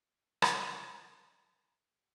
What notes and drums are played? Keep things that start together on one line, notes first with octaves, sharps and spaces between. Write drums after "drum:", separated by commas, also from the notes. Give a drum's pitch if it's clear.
A#3 E5
drum: rim click
A1 C#5 C7
G5 A6